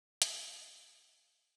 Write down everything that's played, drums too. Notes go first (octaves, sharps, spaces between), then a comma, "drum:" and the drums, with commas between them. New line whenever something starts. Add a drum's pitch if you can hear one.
A#5, drum: hi-hat
E4 A4 D#5 G5
G#4
D#4 E5 A#5
G5 G#5